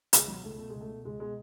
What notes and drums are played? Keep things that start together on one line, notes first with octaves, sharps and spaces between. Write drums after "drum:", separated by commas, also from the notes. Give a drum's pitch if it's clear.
C#2 G#3, drum: hi-hat
B2 F#3
C#2 A3
B2 A3
C#2 G#3
A3
B2
C#2 G#3
B2 G#3